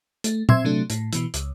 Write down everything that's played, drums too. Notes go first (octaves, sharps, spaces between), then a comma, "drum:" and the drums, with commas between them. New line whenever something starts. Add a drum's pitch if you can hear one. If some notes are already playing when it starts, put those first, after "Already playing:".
A3, drum: hi-hat
C4 E5 C6 E6 G#6, drum: tom
C3 F#3 A3 D4
A2, drum: hi-hat
B2 E3, drum: hi-hat
C#2, drum: hi-hat